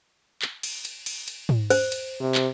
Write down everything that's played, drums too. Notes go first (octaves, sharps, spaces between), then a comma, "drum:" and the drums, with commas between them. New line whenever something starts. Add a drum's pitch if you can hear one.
drum: clap
drum: cymbal
drum: cymbal
drum: cymbal
drum: cymbal
drum: tom G#2
C5, drum: cymbal
drum: cymbal
C3
drum: clap